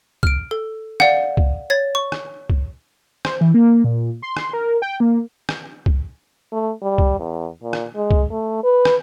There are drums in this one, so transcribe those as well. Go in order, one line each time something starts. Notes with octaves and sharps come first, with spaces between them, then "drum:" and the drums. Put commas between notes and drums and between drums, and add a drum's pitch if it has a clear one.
F6 D7, drum: kick
A4
D5 F5 F#5, drum: rim click
drum: kick
C#5 G#6 A6
C#6
drum: rim click
drum: kick
C5, drum: rim click
E3
A#3
A#2
C6
drum: rim click
A#4
G5
A#3
drum: rim click
drum: kick
A3
G3
drum: kick
E2
A#2
drum: rim click
G#3
drum: kick
A3
B4
drum: rim click